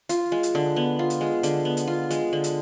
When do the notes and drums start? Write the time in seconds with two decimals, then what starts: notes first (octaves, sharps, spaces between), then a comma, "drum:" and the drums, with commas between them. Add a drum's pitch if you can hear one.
0.09 F4, drum: hi-hat
0.32 G#3
0.43 drum: hi-hat
0.55 D3
0.76 B3
0.99 F4
1.10 drum: hi-hat
1.21 G#3
1.43 D3, drum: hi-hat
1.65 B3
1.77 drum: hi-hat
1.87 F4
2.11 G#3, drum: hi-hat
2.33 D3
2.44 drum: hi-hat